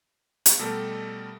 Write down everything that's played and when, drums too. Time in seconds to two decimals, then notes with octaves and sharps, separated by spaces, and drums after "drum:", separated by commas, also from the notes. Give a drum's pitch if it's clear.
0.46 drum: hi-hat
0.59 B2 G3 A3 G4 A4 A#4